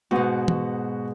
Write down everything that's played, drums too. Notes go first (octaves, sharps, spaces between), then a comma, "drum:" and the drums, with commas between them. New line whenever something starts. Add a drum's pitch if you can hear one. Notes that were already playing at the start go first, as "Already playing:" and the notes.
G#2 B2 B3 F#4
drum: tom